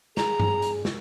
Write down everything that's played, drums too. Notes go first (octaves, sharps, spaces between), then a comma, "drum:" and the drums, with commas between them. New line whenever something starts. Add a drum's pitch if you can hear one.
G#4 A#5, drum: snare
drum: tom G2
drum: hi-hat
drum: snare